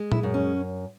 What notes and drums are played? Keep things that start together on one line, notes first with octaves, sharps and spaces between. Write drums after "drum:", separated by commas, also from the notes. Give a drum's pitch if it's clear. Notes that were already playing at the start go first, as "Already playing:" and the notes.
Already playing: G#3
E4, drum: tom A#2
F#2
C#4